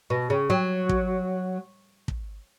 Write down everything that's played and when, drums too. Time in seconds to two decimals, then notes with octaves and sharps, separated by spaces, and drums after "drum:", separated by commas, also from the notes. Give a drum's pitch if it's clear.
0.10 B2
0.30 C#3
0.50 F#3
0.89 drum: kick
2.08 drum: kick